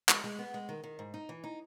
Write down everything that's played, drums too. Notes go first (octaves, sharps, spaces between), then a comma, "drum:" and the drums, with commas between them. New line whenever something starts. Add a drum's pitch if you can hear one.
G#3, drum: clap
G#3
B3
G#3
D#3
D#3
G#2
D#4
E3
D#4